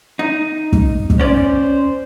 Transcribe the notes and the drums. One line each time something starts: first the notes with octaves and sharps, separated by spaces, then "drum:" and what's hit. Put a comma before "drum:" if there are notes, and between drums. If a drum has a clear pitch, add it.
D#4
drum: kick
drum: kick
C#4 C5 D5